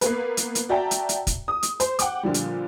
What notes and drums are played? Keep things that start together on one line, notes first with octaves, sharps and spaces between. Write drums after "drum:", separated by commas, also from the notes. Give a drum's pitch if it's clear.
A#3 B3 B4, drum: hi-hat
drum: hi-hat
drum: hi-hat
F#4 D5 E5 G5 A5 A#5
drum: hi-hat
drum: hi-hat
drum: kick, hi-hat
D#6
drum: hi-hat
C5, drum: hi-hat
F#5 G5 D6, drum: hi-hat
A#2 D3 F3 G3
drum: hi-hat